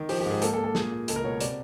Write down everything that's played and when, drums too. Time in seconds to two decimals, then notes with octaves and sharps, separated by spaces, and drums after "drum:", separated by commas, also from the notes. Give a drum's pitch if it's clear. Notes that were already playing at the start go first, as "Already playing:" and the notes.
Already playing: D#3
0.09 F3 G4, drum: open hi-hat
0.20 G4
0.26 G#2
0.31 G#4
0.42 A#3 A4, drum: hi-hat
0.54 A4
0.58 A#3
0.64 A4
0.75 A#2 G#4, drum: snare
0.92 A#2
1.08 C#2 A4, drum: hi-hat
1.16 A#4
1.24 B2 C#5
1.40 C3 D5, drum: hi-hat